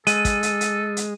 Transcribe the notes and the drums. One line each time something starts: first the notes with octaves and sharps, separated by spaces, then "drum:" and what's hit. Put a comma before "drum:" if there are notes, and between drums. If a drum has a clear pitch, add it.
G#3 A4 D#7, drum: hi-hat
drum: kick, hi-hat
drum: hi-hat
drum: hi-hat
drum: hi-hat